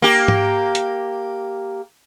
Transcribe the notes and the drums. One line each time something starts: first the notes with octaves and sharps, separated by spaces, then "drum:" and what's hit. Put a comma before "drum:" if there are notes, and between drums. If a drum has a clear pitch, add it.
A#3 G4
drum: tom G#2
drum: hi-hat